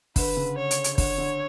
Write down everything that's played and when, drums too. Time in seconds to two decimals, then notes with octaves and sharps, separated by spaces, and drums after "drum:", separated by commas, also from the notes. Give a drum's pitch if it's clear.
0.16 D3 B4, drum: kick, open hi-hat
0.37 C#3
0.58 C#5
0.71 drum: hi-hat
0.84 drum: hi-hat
0.98 D3 C#5, drum: kick, open hi-hat
1.18 D3